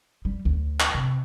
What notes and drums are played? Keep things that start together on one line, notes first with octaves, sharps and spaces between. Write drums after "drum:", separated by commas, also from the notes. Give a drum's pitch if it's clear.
G3
D2
drum: clap
C3